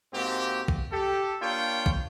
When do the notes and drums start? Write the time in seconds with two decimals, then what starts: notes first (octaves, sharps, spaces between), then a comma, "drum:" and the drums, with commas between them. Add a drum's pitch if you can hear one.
0.14 G#2 A#3 C4 F#4 G4
0.68 drum: kick
0.93 G4 A4
1.42 A#3 D4 F4 A#4 C#5 G5
1.86 drum: kick